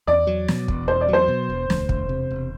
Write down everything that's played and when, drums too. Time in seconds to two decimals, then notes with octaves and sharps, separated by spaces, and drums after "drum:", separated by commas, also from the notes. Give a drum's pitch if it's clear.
0.07 E2 D5
0.27 F#3
0.48 B2, drum: snare
0.68 E1, drum: kick
0.88 E2 C5
1.01 D5
1.08 F#3 C5
1.28 B2
1.50 E1
1.70 D2, drum: snare
1.89 E1, drum: kick
2.09 C3
2.31 E1